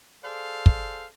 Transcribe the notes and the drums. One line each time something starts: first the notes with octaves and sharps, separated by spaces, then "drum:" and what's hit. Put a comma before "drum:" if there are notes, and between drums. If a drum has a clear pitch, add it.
G#4 A4 C5 D5 F5
drum: kick